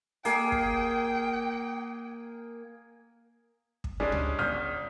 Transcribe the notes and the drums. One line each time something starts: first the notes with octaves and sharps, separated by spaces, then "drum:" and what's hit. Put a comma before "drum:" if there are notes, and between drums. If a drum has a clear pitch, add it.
A#3 G#4 G5, drum: hi-hat
drum: kick
drum: kick
G3 G#3 C#4 D4 G#4
drum: tom C#2
G1 D#6 F6 G6